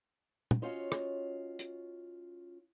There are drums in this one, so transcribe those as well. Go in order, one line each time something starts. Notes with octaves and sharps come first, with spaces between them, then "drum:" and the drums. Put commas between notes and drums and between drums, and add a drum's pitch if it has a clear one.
drum: tom
C#4 F4 F#4 C5 C#5 D#5
drum: rim click
drum: hi-hat